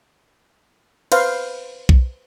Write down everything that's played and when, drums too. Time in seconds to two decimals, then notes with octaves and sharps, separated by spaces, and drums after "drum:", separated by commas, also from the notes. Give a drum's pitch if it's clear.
1.12 B4 C5 F5, drum: cymbal
1.89 drum: kick B1